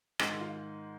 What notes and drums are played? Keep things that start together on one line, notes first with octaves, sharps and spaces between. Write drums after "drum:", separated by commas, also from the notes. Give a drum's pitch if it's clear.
G#2 D#3 G#3 G#4, drum: rim click
F4